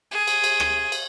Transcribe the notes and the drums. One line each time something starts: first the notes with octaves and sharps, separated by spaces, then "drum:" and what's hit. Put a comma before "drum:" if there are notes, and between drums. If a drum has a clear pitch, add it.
G#4
drum: cymbal
drum: cymbal
drum: rim click
drum: cymbal